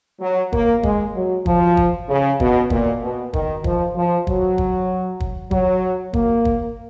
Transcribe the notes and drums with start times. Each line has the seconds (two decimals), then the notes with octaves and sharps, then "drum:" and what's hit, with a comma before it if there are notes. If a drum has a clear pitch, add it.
0.21 F#3
0.53 A#3, drum: kick
0.83 G#3, drum: kick
1.15 F#3
1.46 F3, drum: kick
1.77 drum: kick
2.09 C#3
2.40 B2, drum: kick
2.70 A#2, drum: kick
3.02 B2
3.33 D#3, drum: kick
3.64 F3, drum: kick
3.96 F3
4.27 F#3, drum: kick
4.58 drum: kick
5.20 drum: kick
5.51 F#3, drum: kick
6.13 A#3, drum: kick
6.45 drum: kick